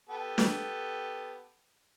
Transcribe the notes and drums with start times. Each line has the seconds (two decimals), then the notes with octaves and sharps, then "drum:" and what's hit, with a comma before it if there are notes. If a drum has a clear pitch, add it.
0.09 B3 G4 A4
0.38 drum: snare